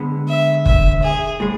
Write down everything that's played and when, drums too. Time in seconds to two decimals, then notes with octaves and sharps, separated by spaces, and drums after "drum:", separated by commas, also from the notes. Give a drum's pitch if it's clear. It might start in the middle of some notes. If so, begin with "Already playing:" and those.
Already playing: D3 G#3 B3
0.28 E5
0.66 E5, drum: kick
1.03 G#4
1.40 A2 G#3